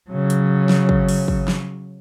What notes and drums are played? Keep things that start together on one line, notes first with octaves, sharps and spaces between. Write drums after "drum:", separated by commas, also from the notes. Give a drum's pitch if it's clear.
C#3 F#3
drum: hi-hat
drum: snare
drum: kick
drum: open hi-hat
drum: kick
drum: snare